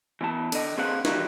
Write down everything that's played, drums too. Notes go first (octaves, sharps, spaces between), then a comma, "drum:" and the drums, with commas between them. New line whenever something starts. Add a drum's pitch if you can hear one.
E3 B3 A5
D3 D#5, drum: cymbal
C4 G#4 B4 C5 F5 F#5
D#3 E3 G3 D#4 F4 F#4, drum: snare